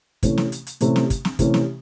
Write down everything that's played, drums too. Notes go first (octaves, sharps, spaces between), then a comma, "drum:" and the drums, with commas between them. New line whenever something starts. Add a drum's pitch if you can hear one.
C3 E3 A3 C#4, drum: kick, hi-hat
drum: snare
drum: hi-hat
drum: hi-hat
C3 E3 A3 C#4, drum: hi-hat
drum: snare
drum: kick, hi-hat
drum: snare
C3 E3 A3 C#4, drum: kick, hi-hat
drum: snare